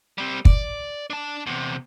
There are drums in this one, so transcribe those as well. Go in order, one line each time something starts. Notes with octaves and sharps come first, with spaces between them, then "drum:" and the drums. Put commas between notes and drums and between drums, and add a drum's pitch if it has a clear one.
G3 C4
D5, drum: kick
D4 A5
E2 C3